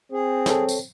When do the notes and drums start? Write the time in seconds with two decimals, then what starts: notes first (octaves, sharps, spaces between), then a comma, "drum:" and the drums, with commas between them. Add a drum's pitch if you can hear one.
0.12 C4 G#4
0.46 A4 C#5, drum: snare
0.69 drum: tambourine